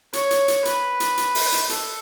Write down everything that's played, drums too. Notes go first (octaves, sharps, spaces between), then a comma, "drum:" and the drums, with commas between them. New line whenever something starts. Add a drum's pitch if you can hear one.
C#5, drum: hi-hat
drum: hi-hat
drum: hi-hat
B4, drum: hi-hat
drum: hi-hat
drum: hi-hat
drum: open hi-hat
drum: hi-hat
A4, drum: hi-hat